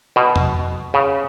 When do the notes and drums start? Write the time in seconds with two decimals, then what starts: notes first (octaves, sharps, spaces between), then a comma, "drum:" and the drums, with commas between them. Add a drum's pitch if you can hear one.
0.16 B2
0.36 drum: tom
0.94 C#3